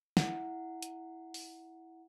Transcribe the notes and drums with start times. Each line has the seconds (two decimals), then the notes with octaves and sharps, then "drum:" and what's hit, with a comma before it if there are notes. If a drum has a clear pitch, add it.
0.17 E4 F#5, drum: snare
0.82 drum: hi-hat
1.34 drum: open hi-hat